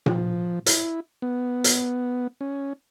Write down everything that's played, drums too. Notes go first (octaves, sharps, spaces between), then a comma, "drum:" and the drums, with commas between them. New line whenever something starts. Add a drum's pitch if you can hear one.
F3, drum: tom A#2
E4, drum: hi-hat
B3
drum: hi-hat
C#4